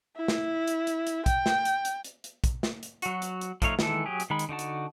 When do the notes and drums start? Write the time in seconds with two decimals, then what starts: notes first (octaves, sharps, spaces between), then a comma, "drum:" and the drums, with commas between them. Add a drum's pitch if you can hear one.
0.17 E4
0.28 drum: snare
0.68 drum: hi-hat
0.87 drum: hi-hat
1.07 drum: hi-hat
1.26 G5, drum: kick, hi-hat
1.46 drum: snare
1.65 drum: hi-hat
1.85 drum: hi-hat
2.04 drum: hi-hat
2.24 drum: hi-hat
2.44 drum: kick, hi-hat
2.63 drum: snare
2.83 drum: hi-hat
3.02 F#3 F#4, drum: hi-hat
3.22 drum: hi-hat
3.41 drum: hi-hat
3.62 F3 A3 D#4 C#5 F5, drum: kick, hi-hat
3.79 D#3 E3 G#3 A4, drum: snare
4.06 F#3 G4 G#4
4.20 drum: hi-hat
4.30 D#3 G#3 B5
4.39 drum: hi-hat
4.49 D3 D#4 F#4 A5
4.59 drum: hi-hat